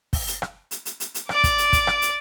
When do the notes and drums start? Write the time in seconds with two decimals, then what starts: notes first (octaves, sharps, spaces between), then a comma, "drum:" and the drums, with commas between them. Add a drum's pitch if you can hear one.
0.13 drum: kick, open hi-hat
0.27 drum: hi-hat
0.42 drum: rim click
0.71 drum: hi-hat
0.85 drum: hi-hat
1.00 drum: hi-hat
1.15 drum: hi-hat
1.29 D5 D6, drum: rim click
1.44 drum: kick, hi-hat
1.58 drum: hi-hat
1.73 drum: kick, hi-hat
1.87 drum: rim click
2.02 drum: hi-hat